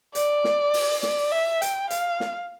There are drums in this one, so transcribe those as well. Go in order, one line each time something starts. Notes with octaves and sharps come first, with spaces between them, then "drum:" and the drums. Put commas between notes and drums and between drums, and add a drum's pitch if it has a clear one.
D5, drum: hi-hat
drum: snare
drum: open hi-hat
D5, drum: snare
E5
G5, drum: hi-hat
F5, drum: hi-hat
drum: snare